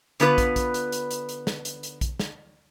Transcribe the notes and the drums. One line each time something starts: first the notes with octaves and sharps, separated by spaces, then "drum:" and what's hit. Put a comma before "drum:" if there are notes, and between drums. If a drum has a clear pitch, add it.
D3 B3 F4 B4, drum: hi-hat
drum: kick, hi-hat
drum: kick, hi-hat
drum: hi-hat
drum: hi-hat
drum: hi-hat
drum: hi-hat
drum: snare
drum: hi-hat
drum: hi-hat
drum: kick, hi-hat
drum: snare